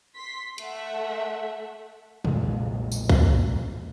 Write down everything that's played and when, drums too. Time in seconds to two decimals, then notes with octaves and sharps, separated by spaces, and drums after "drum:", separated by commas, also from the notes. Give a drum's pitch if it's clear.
0.14 C6 B6
0.58 A3 E5 F#5, drum: hi-hat
2.25 B1 F2 A#2 G#3, drum: tom A#2
2.92 drum: tambourine
3.09 drum: kick